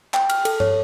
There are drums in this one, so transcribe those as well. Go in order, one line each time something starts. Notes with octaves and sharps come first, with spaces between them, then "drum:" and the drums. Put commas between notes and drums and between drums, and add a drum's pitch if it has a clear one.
G5, drum: clap
F6, drum: cymbal
A4, drum: cymbal
C#5, drum: tom G2